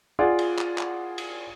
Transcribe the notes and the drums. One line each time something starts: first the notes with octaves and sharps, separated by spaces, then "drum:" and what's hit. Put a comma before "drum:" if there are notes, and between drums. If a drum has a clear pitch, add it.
F4 G#4 D5 F#5
drum: cymbal
drum: clap
drum: clap
drum: cymbal